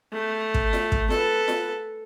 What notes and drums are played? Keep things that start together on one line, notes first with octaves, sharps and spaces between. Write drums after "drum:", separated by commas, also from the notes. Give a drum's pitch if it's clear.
A3
drum: kick
drum: snare F4
drum: kick
A4 B4, drum: snare F4
drum: snare F4